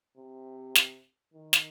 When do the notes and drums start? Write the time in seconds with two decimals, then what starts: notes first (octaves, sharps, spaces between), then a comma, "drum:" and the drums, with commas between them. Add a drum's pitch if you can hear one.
0.17 C3
0.76 drum: snare
1.34 D#3
1.53 drum: snare